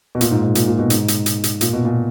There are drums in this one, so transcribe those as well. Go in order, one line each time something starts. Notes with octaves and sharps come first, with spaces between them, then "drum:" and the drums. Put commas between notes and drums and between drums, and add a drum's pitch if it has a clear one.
B2
A#2, drum: hi-hat
G#2
G#2
A#2, drum: hi-hat
A#2
B2
G#2, drum: hi-hat
drum: hi-hat
drum: hi-hat
drum: hi-hat
A#2, drum: hi-hat
B2
A#2